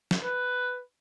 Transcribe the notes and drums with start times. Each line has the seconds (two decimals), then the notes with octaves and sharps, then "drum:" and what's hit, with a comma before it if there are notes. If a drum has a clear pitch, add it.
0.11 drum: snare
0.23 B4